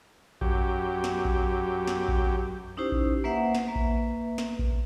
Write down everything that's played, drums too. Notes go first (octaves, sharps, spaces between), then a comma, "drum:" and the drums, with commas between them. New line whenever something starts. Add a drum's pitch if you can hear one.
F#2 G4, drum: kick A#1
drum: snare
drum: kick A#1
drum: snare
drum: kick A#1
C#4 D#4 E4 G4 C5
drum: kick A#1
A#3 B4 C5 E5 F#5
drum: snare
A#3 B4 E5
drum: kick A#1
drum: snare
drum: kick A#1